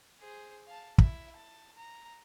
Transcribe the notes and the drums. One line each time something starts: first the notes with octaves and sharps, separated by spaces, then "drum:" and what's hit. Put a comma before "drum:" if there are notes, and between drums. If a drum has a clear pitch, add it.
G#4 C5
F5 A5
E4 E5, drum: kick
A5
A#5